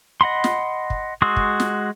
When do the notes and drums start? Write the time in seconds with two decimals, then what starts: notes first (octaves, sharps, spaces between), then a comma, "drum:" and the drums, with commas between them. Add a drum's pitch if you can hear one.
0.21 D#5 F#5 B5 C6
0.44 drum: snare
0.90 drum: kick
1.22 G#3 F#4 C6 D#6 E6
1.36 drum: kick
1.60 drum: snare